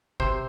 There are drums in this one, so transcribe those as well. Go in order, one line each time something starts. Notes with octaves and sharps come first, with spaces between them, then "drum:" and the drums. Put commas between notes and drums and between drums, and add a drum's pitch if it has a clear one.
C3 C5, drum: kick G1